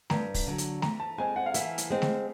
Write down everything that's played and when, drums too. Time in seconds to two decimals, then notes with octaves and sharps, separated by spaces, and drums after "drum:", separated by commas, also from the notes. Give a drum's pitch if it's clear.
0.10 G2 A#5, drum: snare A3
0.34 drum: kick, open hi-hat
0.46 D3 F#3
0.58 drum: hi-hat
0.82 E3 A#5, drum: snare A3
1.00 A5
1.18 G#3 C4 G#5
1.36 F#5
1.46 F5
1.54 E3 E5, drum: hi-hat
1.78 drum: hi-hat
1.90 G#3 C4
2.02 drum: snare A3